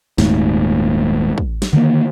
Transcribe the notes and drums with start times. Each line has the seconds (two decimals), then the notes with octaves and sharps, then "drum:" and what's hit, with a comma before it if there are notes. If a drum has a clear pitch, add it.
0.18 D#1 D#2 G#2 A3, drum: snare
1.38 drum: kick
1.62 drum: snare
1.73 D3 D#3 G#3 A#3